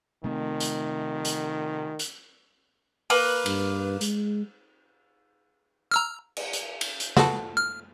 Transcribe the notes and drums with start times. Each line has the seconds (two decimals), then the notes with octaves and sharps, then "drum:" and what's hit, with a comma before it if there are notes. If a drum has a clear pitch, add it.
0.24 C3 D#3 A3 C4
0.60 drum: hi-hat
1.25 drum: hi-hat
1.99 drum: hi-hat
3.10 A#3 B4, drum: open hi-hat
3.46 G2, drum: cymbal
4.01 G#3, drum: hi-hat
5.91 A#5 E6 F6
6.37 drum: cymbal
6.53 drum: hi-hat
6.81 drum: cymbal
7.00 drum: hi-hat
7.17 C#3 F#4 A4, drum: snare
7.57 F6